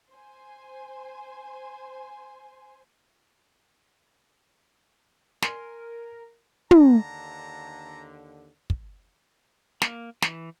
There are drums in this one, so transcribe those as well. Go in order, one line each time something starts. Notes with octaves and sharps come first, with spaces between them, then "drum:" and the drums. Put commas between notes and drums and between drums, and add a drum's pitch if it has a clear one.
C5 G#5
A#4 G#5 C6, drum: snare
D#2 D3 A5 A#5, drum: tom
drum: kick
A#3, drum: snare
E3, drum: snare